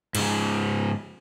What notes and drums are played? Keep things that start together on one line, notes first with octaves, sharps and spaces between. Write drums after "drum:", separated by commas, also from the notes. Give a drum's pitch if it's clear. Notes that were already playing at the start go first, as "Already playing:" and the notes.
G#2 C#3, drum: cymbal